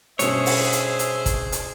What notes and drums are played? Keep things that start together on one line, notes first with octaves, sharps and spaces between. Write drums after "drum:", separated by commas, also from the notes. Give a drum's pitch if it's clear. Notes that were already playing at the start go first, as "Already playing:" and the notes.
G2 B2 C#4 G#4 C5 C#5 E5, drum: hi-hat
drum: open hi-hat
drum: hi-hat
drum: hi-hat
drum: kick, hi-hat
drum: hi-hat